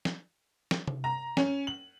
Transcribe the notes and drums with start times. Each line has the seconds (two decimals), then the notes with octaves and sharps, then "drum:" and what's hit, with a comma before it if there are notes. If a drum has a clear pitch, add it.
0.05 drum: snare
0.71 drum: snare
0.87 drum: tom C3
1.04 A#5
1.37 C#4, drum: snare
1.67 F#7